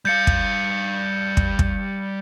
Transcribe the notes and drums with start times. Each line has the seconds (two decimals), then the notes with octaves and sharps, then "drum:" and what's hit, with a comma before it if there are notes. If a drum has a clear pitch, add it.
0.05 G3 F5 G6 A6 C#7
0.27 drum: kick
1.37 drum: kick
1.59 drum: kick